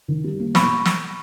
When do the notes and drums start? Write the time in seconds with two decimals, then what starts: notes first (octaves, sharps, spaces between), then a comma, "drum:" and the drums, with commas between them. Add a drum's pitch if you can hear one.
0.08 D#3
0.24 G3
0.40 A#3
0.55 B2 B5 C#6, drum: snare
0.85 drum: snare